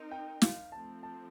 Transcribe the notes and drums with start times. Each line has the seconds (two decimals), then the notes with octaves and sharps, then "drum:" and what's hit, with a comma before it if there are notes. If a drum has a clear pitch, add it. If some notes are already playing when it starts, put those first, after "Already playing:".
Already playing: C4 D#4 A#4
0.11 G5
0.42 F5, drum: snare
0.72 F3 A3 C4 A5
1.03 A5